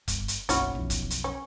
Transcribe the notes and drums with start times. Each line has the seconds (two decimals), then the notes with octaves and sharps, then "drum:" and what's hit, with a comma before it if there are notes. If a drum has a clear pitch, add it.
0.08 G1, drum: kick F1, hi-hat
0.28 drum: hi-hat
0.49 F#1 B1 C#4 E4 F#4, drum: hi-hat
0.75 B1 F2
0.90 drum: kick F1, hi-hat
1.10 drum: hi-hat
1.24 C#4